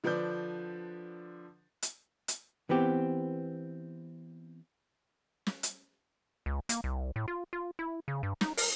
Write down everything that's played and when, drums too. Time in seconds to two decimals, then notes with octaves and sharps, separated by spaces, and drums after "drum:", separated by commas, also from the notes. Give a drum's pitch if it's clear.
0.04 D3 F3 D4 B4 D5 G6
1.82 drum: hi-hat
2.28 drum: hi-hat
2.69 E3 B3 C4 G4
5.47 drum: snare
5.63 drum: hi-hat
6.46 C#2
6.69 A#3, drum: hi-hat
6.84 C2
7.16 A2
7.28 F4
7.53 F4
7.79 E4
8.08 C#3
8.23 G2
8.41 D#4, drum: snare
8.57 A#4, drum: open hi-hat